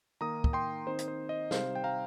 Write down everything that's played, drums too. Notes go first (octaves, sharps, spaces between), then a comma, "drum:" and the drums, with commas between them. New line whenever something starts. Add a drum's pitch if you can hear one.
D#3 A#3 D#4 A#5 D#6
drum: kick
G5 C6
D#3 C4 D#4 C5
drum: hi-hat
C5
D#5
C3 G3 D#4 C5 F5, drum: snare
G5
F5 A#5